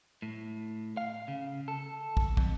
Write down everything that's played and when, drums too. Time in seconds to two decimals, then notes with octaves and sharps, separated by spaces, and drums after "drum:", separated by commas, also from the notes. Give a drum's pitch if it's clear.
0.22 A2
0.97 F5
1.28 C#3
1.68 A4
2.17 drum: kick
2.37 F2, drum: kick